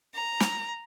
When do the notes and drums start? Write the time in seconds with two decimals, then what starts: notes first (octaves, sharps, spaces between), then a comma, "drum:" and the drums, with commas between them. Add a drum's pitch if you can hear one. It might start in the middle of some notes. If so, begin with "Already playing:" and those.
0.15 A#5
0.40 drum: snare